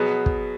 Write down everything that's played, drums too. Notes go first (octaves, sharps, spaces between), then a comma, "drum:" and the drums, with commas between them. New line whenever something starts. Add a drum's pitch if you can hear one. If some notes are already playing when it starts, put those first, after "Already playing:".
Already playing: B2 F#3 B3 G#4
drum: kick